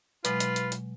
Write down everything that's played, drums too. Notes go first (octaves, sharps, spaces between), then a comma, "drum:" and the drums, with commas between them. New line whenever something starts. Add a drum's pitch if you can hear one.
B2 F#3 G#3 F4 B4, drum: hi-hat
drum: hi-hat
drum: hi-hat
drum: hi-hat